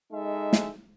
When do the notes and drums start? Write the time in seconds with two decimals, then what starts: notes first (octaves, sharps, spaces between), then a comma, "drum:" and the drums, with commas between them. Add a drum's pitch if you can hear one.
0.12 G#3 D#4 A4 E5
0.53 drum: snare